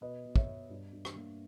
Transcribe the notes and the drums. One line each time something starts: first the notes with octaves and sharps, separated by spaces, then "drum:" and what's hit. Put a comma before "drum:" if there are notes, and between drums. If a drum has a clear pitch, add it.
B2 B4 D#5
B2
C#5 E5, drum: kick
B3
G2
G2
drum: rim click
A#3